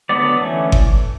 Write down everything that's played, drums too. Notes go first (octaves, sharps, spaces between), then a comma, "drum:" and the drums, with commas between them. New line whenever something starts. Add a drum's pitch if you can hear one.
D3 F#3 B3 D5
E3 A3 C#4
drum: kick G1